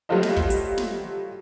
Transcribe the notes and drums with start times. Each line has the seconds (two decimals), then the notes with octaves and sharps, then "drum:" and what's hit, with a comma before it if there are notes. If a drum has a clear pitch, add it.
0.09 F#3 G3 A3 F4 C5 D#5
0.23 drum: snare
0.37 drum: kick
0.50 drum: hi-hat
0.78 drum: snare